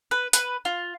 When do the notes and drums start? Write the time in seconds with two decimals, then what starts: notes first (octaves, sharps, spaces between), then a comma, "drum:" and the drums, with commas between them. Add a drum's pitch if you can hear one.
0.11 B4
0.33 B4, drum: hi-hat
0.65 F4